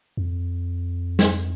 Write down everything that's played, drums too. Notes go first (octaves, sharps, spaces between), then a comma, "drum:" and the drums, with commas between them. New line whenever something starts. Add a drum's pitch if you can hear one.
F2
drum: snare